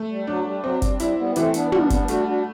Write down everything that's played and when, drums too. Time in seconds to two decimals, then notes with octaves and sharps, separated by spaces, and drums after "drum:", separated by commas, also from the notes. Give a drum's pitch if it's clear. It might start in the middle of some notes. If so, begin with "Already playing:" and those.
Already playing: A3 A4
0.10 G3
0.27 F#3 D4
0.45 G3
0.64 F#3 C4
0.82 G3, drum: kick F#1, hi-hat
1.00 G3 E4, drum: hi-hat
1.18 G3 B3
1.36 E3 A3 C4, drum: hi-hat
1.54 B3 D4, drum: hi-hat
1.72 G3 B3 D4, drum: tom
1.90 B3 D4, drum: kick F#1, hi-hat
2.08 A3 D4 F#4, drum: hi-hat
2.27 D4 F#4